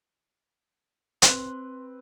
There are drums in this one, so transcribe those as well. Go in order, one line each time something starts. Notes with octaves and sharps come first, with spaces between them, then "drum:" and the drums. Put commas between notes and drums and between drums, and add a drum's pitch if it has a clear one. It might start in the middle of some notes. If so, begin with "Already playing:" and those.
C4 B4 C6 F#6, drum: hi-hat